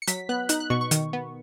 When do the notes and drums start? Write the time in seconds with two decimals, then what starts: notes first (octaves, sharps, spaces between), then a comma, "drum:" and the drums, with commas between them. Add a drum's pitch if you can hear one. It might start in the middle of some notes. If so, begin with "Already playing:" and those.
0.02 C#7
0.07 F#3 B6, drum: hi-hat
0.29 B3 F#6
0.49 D#4 F#6, drum: hi-hat
0.60 F#6
0.70 B2 C#6
0.81 C#6
0.91 D#3, drum: hi-hat
1.13 B3